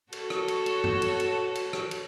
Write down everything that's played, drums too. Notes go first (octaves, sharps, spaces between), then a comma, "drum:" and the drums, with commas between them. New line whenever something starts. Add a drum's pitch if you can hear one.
F#4 A4 C#5, drum: cymbal
drum: rim click
drum: cymbal
drum: cymbal
drum: tom G2
drum: cymbal
drum: cymbal
drum: cymbal
drum: rim click
drum: cymbal